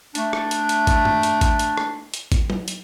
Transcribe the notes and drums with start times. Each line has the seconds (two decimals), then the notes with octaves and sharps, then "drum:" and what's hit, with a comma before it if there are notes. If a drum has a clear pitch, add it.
0.15 A3 D4, drum: hi-hat
0.33 drum: rim click
0.51 drum: hi-hat
0.69 drum: hi-hat
0.87 drum: kick A1, hi-hat
1.05 drum: tom F#2
1.23 drum: hi-hat
1.41 drum: kick A1, hi-hat
1.59 drum: hi-hat
1.77 drum: rim click
2.14 drum: hi-hat
2.32 drum: kick A1, hi-hat
2.50 drum: tom F#3
2.68 drum: hi-hat